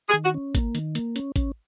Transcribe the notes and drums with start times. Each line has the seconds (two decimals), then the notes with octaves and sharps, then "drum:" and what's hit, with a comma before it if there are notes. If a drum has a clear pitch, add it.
0.09 G#4
0.13 D#3
0.24 F#4
0.34 C#4
0.55 A#3, drum: kick A1, hi-hat
0.75 D#3, drum: hi-hat
0.95 A#3, drum: hi-hat
1.16 C#4, drum: hi-hat
1.36 C#4, drum: kick A1, hi-hat